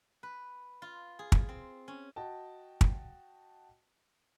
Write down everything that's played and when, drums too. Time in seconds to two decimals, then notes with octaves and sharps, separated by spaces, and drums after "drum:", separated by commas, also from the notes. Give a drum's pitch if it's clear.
0.23 B4
0.82 F4
1.19 G#4
1.32 drum: kick
1.49 C4
1.88 C#4
2.16 F#4 D#5 G5 A5
2.81 drum: kick